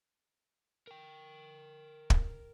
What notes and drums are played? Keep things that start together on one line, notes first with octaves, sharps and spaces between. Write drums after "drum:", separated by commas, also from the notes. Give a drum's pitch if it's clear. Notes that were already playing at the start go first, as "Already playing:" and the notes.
A#4 G5
drum: kick